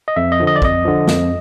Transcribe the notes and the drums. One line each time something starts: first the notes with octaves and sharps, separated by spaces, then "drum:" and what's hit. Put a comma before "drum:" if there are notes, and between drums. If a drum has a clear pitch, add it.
D#5
F2 E5
D#5
D3 F3
D#5
D5
F2 D#5, drum: kick
D3 F3
F2, drum: snare